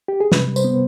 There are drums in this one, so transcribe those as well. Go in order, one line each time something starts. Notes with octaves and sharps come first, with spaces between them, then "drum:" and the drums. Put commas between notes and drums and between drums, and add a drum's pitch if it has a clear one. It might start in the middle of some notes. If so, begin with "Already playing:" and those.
G4
G#4
C3 B4, drum: snare
G3
C5, drum: tambourine
B3